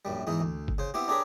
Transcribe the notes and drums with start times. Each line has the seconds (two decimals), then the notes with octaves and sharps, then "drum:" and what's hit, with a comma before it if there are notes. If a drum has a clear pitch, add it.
0.05 A#1 F#2 G3
0.27 E2 G#2 E3 D#4
0.40 D2
0.68 drum: kick G1
0.78 C#3 C5
0.94 B3 C4 E4 G4
1.08 D4 G4 G#4 A#4 B4 C#5